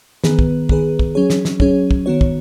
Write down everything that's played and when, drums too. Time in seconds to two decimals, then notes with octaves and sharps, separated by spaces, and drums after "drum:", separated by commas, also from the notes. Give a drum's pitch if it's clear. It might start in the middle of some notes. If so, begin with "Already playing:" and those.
0.24 D#3 B3 G#4 B4, drum: snare
0.39 drum: kick
0.69 D#3 B3 G#4 B4, drum: kick
0.99 drum: kick
1.15 F#3 C#4 G#4 C#5
1.30 drum: snare
1.45 drum: snare
1.60 F#3 C#4 G#4 C#5, drum: kick
1.91 drum: kick
2.06 D#3 B3 F#4 C#5
2.21 drum: kick